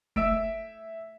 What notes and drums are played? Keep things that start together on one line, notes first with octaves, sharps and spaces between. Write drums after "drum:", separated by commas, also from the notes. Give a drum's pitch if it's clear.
A3 E5 E6 D7, drum: kick F1